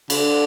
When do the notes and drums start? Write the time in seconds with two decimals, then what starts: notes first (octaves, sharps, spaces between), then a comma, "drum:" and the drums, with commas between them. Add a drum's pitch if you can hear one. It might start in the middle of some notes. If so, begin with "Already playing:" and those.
0.10 D3, drum: cymbal